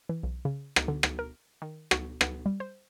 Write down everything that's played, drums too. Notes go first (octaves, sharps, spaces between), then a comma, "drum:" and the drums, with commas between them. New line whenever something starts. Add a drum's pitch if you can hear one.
E3
B1
C#3
D#4, drum: rim click
D3
drum: rim click
A#4
D#3
F#4, drum: rim click
B3, drum: rim click
G3
C5